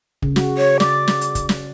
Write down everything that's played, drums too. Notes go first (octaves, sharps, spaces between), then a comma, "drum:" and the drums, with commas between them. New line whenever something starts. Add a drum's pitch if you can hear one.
C#3, drum: kick
F#4, drum: snare
C#5
D5 D6, drum: snare
drum: snare
drum: hi-hat
drum: kick, hi-hat
drum: snare